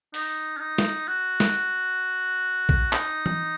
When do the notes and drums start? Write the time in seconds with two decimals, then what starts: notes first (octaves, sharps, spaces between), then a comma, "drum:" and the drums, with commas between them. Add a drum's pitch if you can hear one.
0.14 D#4, drum: open hi-hat
0.57 C#4
0.60 D#4
0.78 drum: snare
1.08 F#4
1.40 drum: snare
2.69 drum: kick A#1
2.93 D#4, drum: clap
3.26 drum: tom E3